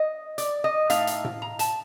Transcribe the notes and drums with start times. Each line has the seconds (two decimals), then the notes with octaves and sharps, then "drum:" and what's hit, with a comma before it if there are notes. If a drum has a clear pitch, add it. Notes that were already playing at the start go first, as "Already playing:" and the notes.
Already playing: D#5
0.38 D5, drum: hi-hat
0.64 D#5
0.90 A2 A3 D#4 F5, drum: hi-hat
1.07 drum: hi-hat
1.25 drum: tom A2
1.42 A#5
1.59 A5, drum: hi-hat